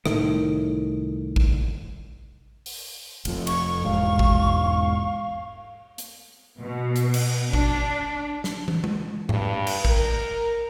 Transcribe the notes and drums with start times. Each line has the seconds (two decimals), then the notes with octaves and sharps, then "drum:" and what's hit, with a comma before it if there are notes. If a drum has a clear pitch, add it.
0.06 C2 A2 D#3 A3, drum: rim click
1.36 drum: kick
2.66 drum: open hi-hat
3.25 F1 F2, drum: cymbal
3.47 C#6, drum: cymbal
3.85 E1 G#2 F5
4.19 drum: kick
5.98 drum: hi-hat
6.59 B2
6.96 drum: hi-hat
7.14 drum: cymbal
7.53 D4, drum: kick
8.44 drum: snare
8.68 drum: tom
8.84 drum: tom G#3
9.29 G2, drum: tom G#2
9.67 drum: cymbal
9.85 A#4, drum: kick